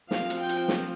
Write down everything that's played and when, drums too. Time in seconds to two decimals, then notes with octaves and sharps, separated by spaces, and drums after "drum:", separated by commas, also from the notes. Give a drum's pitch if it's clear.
0.11 F3 C4 F4 F5, drum: snare
0.30 drum: hi-hat
0.39 G5
0.49 drum: hi-hat
0.68 drum: snare